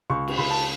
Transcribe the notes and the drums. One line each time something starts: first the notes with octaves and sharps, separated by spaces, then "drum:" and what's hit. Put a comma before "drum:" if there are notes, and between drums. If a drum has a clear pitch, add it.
C#2 C#6
drum: cymbal
C#2 B5
A5